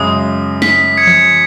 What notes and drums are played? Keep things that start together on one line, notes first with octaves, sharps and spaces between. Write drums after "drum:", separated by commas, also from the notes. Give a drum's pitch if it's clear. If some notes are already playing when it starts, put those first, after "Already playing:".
Already playing: F#2 C#3 G#3 D#6
B6, drum: snare
G#6 C#7
drum: tom E3